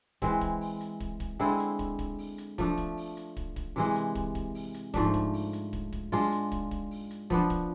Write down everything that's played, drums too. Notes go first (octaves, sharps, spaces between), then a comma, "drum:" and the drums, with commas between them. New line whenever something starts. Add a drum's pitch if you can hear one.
E3 G#3 C4, drum: kick, hi-hat
drum: kick, hi-hat
drum: open hi-hat
drum: hi-hat
drum: kick, hi-hat
drum: kick, hi-hat
D3 G#3 C4 E4, drum: open hi-hat
drum: hi-hat
drum: kick, hi-hat
drum: kick, hi-hat
drum: open hi-hat
drum: hi-hat
F3 A3 D4, drum: kick, hi-hat
drum: kick, hi-hat
drum: open hi-hat
drum: hi-hat
drum: kick, hi-hat
drum: kick, hi-hat
C3 E3 G#3, drum: open hi-hat
drum: hi-hat
drum: kick, hi-hat
drum: kick, hi-hat
drum: open hi-hat
drum: hi-hat
G#2 F3 A3 D4, drum: kick, hi-hat
drum: kick, hi-hat
drum: open hi-hat
drum: hi-hat
drum: kick, hi-hat
drum: kick, hi-hat
G#3 D4 F4, drum: open hi-hat
drum: hi-hat
drum: kick, hi-hat
drum: kick, hi-hat
drum: open hi-hat
drum: hi-hat
F3 B3 D4, drum: kick
drum: kick, hi-hat